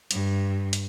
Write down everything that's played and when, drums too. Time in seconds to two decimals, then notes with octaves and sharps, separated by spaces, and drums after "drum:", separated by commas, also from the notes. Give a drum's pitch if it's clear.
0.11 G2, drum: hi-hat
0.73 drum: hi-hat